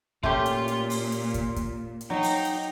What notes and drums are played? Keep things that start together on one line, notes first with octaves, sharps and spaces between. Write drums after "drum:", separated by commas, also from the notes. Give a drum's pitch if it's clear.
A#2 A3 C#4 F4 G4 C6, drum: kick
drum: hi-hat
drum: hi-hat
drum: open hi-hat
drum: hi-hat
drum: kick, hi-hat
drum: kick, hi-hat
drum: hi-hat
F#3 D#4 G5
drum: open hi-hat
drum: hi-hat